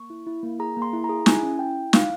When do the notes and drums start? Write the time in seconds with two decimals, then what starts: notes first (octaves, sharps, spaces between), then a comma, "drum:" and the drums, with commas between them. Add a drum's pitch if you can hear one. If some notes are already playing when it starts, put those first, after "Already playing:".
Already playing: A#3 C#6
0.10 E4
0.26 E4
0.43 A#3
0.59 G#4 A#5
0.77 A#3
0.82 C6
0.93 E4
1.04 A#5
1.09 G#4
1.26 E4 G#5, drum: snare
1.43 C#4
1.59 E4 G5
1.76 E4
1.93 E4 F5, drum: snare